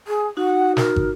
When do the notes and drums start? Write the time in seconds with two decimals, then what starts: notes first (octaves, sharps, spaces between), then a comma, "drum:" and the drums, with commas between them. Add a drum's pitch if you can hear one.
0.07 G#4
0.37 D#4 F#4 F#5
0.77 A#4, drum: snare
0.96 drum: kick